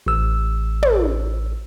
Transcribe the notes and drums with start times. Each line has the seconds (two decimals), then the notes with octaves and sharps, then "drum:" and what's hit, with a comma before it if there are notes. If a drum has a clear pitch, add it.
0.06 A1 E6
0.83 drum: tom